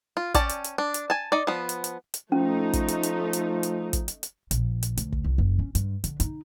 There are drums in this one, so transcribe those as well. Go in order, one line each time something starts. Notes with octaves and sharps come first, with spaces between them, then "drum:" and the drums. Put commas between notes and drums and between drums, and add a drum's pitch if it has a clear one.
F4
C#4 D5 G5 A5, drum: kick, hi-hat
drum: hi-hat
drum: hi-hat
D4
drum: hi-hat
G#5 A5
D#4 D5
F3 B3
drum: hi-hat
drum: hi-hat
drum: hi-hat
F3 A3 C#4 D#4
drum: kick, hi-hat
drum: hi-hat
drum: hi-hat
drum: hi-hat
drum: hi-hat
drum: kick, hi-hat
drum: hi-hat
drum: hi-hat
A#1, drum: hi-hat
drum: hi-hat
D2, drum: hi-hat
drum: kick
C2
F#1
C#4
G2, drum: hi-hat
D3, drum: hi-hat
D#4, drum: hi-hat